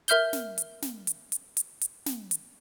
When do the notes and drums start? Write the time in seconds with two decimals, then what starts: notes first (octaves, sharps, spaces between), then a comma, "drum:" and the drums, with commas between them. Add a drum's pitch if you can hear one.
0.08 A#4 E5 F6 G6 G7, drum: hi-hat
0.33 drum: snare
0.58 drum: hi-hat
0.82 drum: snare
1.07 drum: hi-hat
1.32 drum: hi-hat
1.57 drum: hi-hat
1.81 drum: hi-hat
2.06 drum: snare
2.31 drum: hi-hat